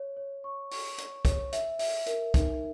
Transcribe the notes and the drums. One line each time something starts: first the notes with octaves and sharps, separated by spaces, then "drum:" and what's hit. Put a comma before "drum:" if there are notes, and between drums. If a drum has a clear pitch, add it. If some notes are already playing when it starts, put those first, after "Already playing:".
Already playing: C#5
C#5
C#6
C#6, drum: open hi-hat
C#5, drum: hi-hat
C#5, drum: kick, hi-hat
E5, drum: hi-hat
E5, drum: open hi-hat
A#4, drum: hi-hat
D#4, drum: kick, hi-hat